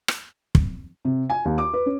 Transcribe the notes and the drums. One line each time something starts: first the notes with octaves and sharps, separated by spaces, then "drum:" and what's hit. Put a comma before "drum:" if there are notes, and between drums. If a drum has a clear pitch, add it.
drum: rim click
drum: kick
C3
G#5
D#2
D6
B4
C#4